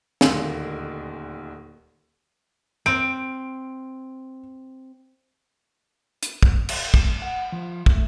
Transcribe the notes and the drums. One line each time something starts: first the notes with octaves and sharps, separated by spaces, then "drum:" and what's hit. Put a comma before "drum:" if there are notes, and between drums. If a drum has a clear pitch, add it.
D#1 D2 D#3 F5 C6 E6, drum: snare
C4 D7
drum: hi-hat
drum: kick
drum: cymbal
drum: kick
F#5
F3
A3, drum: kick